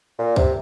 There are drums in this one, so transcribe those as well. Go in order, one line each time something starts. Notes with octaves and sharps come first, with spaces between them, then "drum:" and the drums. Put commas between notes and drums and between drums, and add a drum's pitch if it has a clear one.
A#2
C3, drum: kick